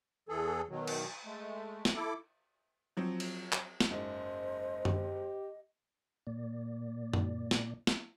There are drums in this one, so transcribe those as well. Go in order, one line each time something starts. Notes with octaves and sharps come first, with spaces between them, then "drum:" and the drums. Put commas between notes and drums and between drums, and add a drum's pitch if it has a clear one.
E2 E3 G#4 A4
B2 D#3 F#3
drum: cymbal
G#3 A3
drum: snare
E4 A4 D6
F3 F#3 C4
drum: cymbal
drum: clap
drum: snare
F#1 G#2 C5 D#5
G4, drum: tom F#2
A#2 A#3 D5
drum: tom F#2
drum: snare
drum: snare